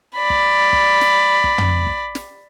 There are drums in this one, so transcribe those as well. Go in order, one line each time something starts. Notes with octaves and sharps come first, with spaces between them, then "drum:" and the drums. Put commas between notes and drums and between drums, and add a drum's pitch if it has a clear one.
D5 B5
drum: kick
drum: kick
drum: snare
drum: kick
drum: tom
drum: kick
drum: snare